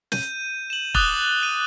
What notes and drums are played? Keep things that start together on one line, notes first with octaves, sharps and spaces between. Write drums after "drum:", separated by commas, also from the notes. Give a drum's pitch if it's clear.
G6 D#7, drum: snare
E7 F#7
D6 D#6 F#6 A6 F7 G7, drum: kick
D#7